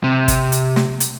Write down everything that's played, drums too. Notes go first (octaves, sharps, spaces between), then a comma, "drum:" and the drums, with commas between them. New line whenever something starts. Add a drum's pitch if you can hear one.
C3
drum: kick, hi-hat
drum: hi-hat
drum: snare
drum: hi-hat